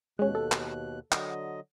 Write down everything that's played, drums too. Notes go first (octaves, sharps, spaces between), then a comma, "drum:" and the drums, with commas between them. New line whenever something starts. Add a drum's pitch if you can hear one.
D#2 B2 G#3 C#4 F#6
A4
drum: clap
D3 F#3 D#5, drum: clap